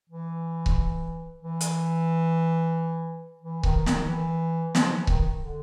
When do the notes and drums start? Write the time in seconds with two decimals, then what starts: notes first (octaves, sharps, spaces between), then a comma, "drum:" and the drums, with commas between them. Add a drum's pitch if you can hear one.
0.10 E3
0.66 drum: kick C#1
1.42 E3
1.61 drum: hi-hat
3.41 E3
3.63 D#3, drum: kick C#1
3.86 D#3, drum: snare
4.08 E3
4.75 F3, drum: snare
4.92 E3
5.07 D#3, drum: kick C#1
5.41 D3